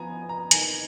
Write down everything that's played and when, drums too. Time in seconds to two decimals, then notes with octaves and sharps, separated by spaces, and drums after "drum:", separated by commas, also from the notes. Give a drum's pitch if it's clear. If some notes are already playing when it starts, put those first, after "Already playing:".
Already playing: F3 B3 G#5 A#5
0.22 B3
0.29 A#5
0.51 D#3 G#5, drum: hi-hat